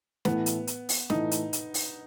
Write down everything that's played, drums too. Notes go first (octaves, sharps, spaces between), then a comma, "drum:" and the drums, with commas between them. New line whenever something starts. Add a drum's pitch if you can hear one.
A2 E3 A3 B3, drum: snare
drum: hi-hat
drum: hi-hat
drum: open hi-hat
A2 E3 A3 D#4, drum: snare
drum: hi-hat
drum: hi-hat
drum: open hi-hat